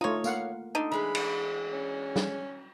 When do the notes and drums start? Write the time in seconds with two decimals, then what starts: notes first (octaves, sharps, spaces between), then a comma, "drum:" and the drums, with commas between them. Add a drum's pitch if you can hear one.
0.01 A3 D#4 F4 C#5
0.24 A#3 F5 F#5, drum: tambourine
0.75 D3 D#4
0.92 E3 G#3 B3 B5
1.15 drum: cymbal
1.73 C#4
2.16 drum: snare